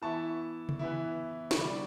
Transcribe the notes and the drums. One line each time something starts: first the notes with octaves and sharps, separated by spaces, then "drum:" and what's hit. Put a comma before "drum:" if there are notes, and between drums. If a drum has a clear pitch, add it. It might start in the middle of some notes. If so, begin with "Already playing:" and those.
E3 B3 E4 A5 C#6
drum: tom C#3
E3 B3 E4
C#6, drum: snare
D3 G3 D4 B5 D6